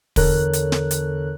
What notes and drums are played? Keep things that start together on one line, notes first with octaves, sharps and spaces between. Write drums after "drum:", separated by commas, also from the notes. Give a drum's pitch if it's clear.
E2 D3 A4 A#4 C#5 F#6, drum: kick, open hi-hat
drum: hi-hat
drum: snare
drum: hi-hat